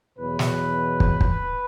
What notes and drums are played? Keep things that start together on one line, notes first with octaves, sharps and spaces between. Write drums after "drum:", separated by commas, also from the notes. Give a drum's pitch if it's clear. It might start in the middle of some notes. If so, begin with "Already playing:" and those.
E2 B2 F#3 B4
drum: snare
drum: kick
drum: kick